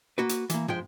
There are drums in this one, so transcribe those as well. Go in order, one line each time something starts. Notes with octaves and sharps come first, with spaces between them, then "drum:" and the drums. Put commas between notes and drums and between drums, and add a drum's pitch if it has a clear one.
A#3 F#4 B4
drum: hi-hat
E3 A#3, drum: hi-hat
F3 G#3 C5 G5, drum: tom